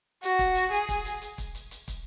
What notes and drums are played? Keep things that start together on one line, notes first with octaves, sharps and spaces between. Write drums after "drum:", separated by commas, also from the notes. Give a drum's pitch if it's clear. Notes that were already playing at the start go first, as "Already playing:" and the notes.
F#4, drum: hi-hat
drum: kick, hi-hat
drum: hi-hat
G#4, drum: hi-hat
drum: kick, hi-hat
drum: hi-hat
drum: hi-hat
drum: kick, hi-hat
drum: hi-hat
drum: hi-hat
drum: kick, hi-hat